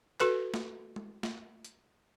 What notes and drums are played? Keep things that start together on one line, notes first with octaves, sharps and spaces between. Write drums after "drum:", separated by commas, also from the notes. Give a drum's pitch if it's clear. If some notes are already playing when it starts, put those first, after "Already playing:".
F#4 A4 B4, drum: clap
drum: snare
drum: tom G#3
drum: snare
drum: hi-hat